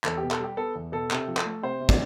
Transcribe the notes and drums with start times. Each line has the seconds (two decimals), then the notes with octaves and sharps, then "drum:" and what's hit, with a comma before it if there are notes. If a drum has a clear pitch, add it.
0.04 E2 A4, drum: clap
0.17 G4
0.23 B2
0.31 A4, drum: clap
0.39 G3 G4
0.57 B3 A4
0.75 E2
0.92 B2 A4
1.11 C3 A4, drum: clap
1.28 F3
1.37 A4, drum: clap
1.45 A3
1.63 C3 C5
1.80 C3
1.89 D5, drum: kick